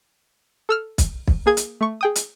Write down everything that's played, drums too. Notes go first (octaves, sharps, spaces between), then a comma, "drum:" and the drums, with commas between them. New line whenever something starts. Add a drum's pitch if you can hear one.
A4 E6 F6
drum: kick, hi-hat
drum: kick
A#3 G#4 G#6
drum: hi-hat
A3 C#6
G#4 G5 D#6
drum: hi-hat